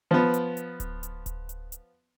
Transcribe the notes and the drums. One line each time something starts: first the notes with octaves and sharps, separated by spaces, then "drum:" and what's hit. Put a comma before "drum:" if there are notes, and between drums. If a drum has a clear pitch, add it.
F3 B3
drum: hi-hat
drum: hi-hat
drum: kick D1, hi-hat
drum: hi-hat
drum: kick D1, hi-hat
drum: hi-hat
drum: hi-hat